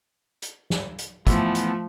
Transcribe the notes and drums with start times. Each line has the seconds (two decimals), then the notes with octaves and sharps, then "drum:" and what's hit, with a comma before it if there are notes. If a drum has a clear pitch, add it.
0.42 drum: hi-hat
0.70 drum: snare
0.98 drum: hi-hat
1.27 E3 F3 A3 B3, drum: kick, hi-hat
1.55 drum: hi-hat